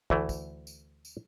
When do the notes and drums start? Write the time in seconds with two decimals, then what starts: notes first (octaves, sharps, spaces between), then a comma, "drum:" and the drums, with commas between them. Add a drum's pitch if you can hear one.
0.10 D2 E3 A3, drum: kick
0.29 drum: kick, tambourine
0.67 drum: tambourine
1.05 drum: tambourine